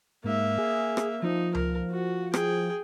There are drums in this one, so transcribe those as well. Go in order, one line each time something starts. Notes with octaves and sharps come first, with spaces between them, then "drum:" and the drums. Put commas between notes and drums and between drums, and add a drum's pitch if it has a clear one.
G#2 A#3 E5
G#4
drum: rim click
F3 D#4
A#4, drum: tom C#2
F#4
G#4 G5, drum: rim click